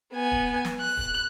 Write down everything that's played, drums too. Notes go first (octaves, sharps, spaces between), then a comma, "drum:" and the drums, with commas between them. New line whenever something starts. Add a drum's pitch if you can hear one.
B3 G#5
drum: kick
drum: snare
F#6
drum: kick